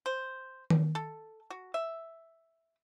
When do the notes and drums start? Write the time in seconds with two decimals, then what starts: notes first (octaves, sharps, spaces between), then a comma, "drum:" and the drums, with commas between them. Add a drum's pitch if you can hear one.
0.06 C5
0.70 drum: tom D#3
0.95 A4
1.50 F#4
1.74 E5